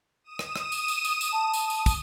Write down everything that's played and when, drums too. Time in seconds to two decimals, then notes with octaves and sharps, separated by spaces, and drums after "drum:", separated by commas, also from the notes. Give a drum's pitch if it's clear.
0.24 D#6 D#7 E7
0.39 drum: rim click
0.56 drum: rim click
0.72 drum: tambourine
0.88 drum: tambourine
1.05 drum: tambourine
1.21 drum: tambourine
1.33 A5
1.53 drum: tambourine
1.70 D#6, drum: tambourine
1.86 drum: kick, tambourine